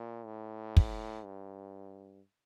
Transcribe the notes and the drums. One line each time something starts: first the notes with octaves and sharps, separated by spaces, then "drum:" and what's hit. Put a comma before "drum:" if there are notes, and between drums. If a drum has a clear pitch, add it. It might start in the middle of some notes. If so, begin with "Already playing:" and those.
Already playing: A#2
A2
drum: kick
G2